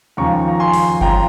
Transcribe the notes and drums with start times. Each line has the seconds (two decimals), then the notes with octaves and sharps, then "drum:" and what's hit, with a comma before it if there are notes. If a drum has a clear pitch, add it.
0.17 D#2 C#3 F3 A#5 C#6
0.49 A#5
0.60 G#5 C6
0.74 drum: open hi-hat
1.01 C#3 F3 G5 A#5, drum: kick G1